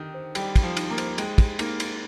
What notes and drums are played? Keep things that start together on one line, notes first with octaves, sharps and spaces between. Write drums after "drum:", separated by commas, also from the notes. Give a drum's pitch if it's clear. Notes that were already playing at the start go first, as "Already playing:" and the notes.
Already playing: D3 D#3 D#4 G4 G5
C5
G3 G5, drum: cymbal
G4, drum: kick, cymbal
F3
D#4, drum: cymbal
A#3
C5, drum: cymbal
G#3 G5, drum: cymbal
G4, drum: kick, cymbal
A#3 D#4, drum: cymbal
drum: cymbal